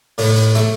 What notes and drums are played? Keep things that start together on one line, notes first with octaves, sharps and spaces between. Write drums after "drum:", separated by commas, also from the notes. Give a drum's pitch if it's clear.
A2, drum: open hi-hat
drum: hi-hat
A3, drum: hi-hat